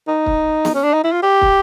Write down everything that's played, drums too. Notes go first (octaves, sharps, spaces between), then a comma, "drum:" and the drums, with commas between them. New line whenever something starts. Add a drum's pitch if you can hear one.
D#4
drum: kick
drum: snare B3
C#4
D4
D#4
E4
F4
G4
drum: kick